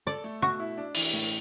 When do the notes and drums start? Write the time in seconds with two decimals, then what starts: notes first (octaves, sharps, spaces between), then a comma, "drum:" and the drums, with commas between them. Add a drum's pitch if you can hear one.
0.07 A4 D5
0.24 A3
0.42 B2 F#4
0.60 E4
0.77 D4
0.95 E3, drum: open hi-hat
1.13 A2